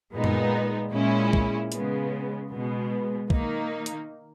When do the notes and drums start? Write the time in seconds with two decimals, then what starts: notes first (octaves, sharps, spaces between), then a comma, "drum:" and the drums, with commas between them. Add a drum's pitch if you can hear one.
0.13 A#2 G#3 B3 D#4
0.24 drum: tom F#2
0.92 A#2 G#3 C#4 E4
1.33 drum: kick
1.72 C#3 G#3 B3, drum: hi-hat
2.51 B2 G#3 B3
3.30 D#3 A#3 D#4, drum: kick
3.86 drum: hi-hat